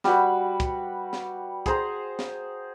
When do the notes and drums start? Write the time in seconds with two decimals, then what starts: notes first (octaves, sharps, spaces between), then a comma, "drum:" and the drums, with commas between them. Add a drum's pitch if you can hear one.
0.04 G3 F#4 B4, drum: snare
0.60 drum: kick, hi-hat
1.13 drum: snare
1.66 G#4 C5 A#5, drum: kick, hi-hat
2.19 drum: snare